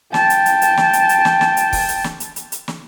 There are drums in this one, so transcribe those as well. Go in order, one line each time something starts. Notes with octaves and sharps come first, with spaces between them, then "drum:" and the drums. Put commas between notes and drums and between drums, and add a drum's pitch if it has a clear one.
G5 A5, drum: snare
drum: hi-hat
drum: hi-hat
drum: hi-hat
drum: snare
drum: hi-hat
drum: hi-hat
drum: snare
drum: snare
drum: hi-hat
drum: kick, open hi-hat
drum: hi-hat
drum: snare
drum: hi-hat
drum: hi-hat
drum: hi-hat
drum: snare